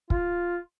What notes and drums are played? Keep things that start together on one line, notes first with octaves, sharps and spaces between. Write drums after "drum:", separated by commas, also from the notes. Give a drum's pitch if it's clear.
F4, drum: kick